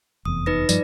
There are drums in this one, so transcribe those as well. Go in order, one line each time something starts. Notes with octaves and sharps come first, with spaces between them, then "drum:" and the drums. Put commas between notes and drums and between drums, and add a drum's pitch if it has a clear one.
F1 E2 D#6
D#4 B4 A#6
G2 F3 D5, drum: tambourine